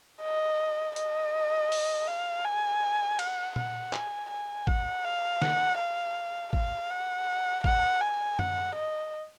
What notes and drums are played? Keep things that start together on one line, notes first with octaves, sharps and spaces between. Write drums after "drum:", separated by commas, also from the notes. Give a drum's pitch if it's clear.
D#5
D#5, drum: hi-hat
drum: open hi-hat
F5
G#5
F#5, drum: cymbal
F#5, drum: tom A#2
G#5, drum: clap
G#5
F#5, drum: kick G#1
F5
F#5, drum: snare
F5
F5, drum: kick G#1
F#5
F#5, drum: kick G#1
G#5
F#5, drum: tom F#2
D#5